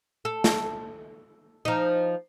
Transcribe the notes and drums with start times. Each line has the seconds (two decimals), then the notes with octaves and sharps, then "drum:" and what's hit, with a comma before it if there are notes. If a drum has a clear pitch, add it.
0.25 A4
0.44 drum: snare
1.65 F3 D#4